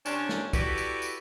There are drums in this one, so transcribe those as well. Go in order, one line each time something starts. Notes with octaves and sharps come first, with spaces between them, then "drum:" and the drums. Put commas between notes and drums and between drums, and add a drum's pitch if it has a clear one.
C3 C#4 D4, drum: tambourine
drum: snare
E4 F#4 G4 A4 B4 D5, drum: kick, tambourine
drum: tambourine
drum: tambourine